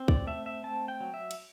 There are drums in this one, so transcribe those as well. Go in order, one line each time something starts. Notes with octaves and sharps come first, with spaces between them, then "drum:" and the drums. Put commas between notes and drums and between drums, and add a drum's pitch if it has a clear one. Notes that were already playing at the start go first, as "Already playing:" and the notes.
Already playing: C4
D5, drum: kick
A3 E5
E5
C4 A5
G5
F#3
E5
drum: cymbal